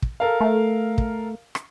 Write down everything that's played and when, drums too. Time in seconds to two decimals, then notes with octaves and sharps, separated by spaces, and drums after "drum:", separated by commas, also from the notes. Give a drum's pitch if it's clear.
0.02 drum: kick
0.20 A4 A#4 F5
0.41 A3
0.98 drum: kick
1.55 drum: rim click